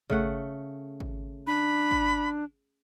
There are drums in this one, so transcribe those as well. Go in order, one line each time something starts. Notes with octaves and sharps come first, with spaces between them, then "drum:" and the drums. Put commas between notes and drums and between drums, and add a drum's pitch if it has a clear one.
C#3 A3 F#5, drum: kick G#1
drum: kick G#1
D4 B5
drum: kick G#1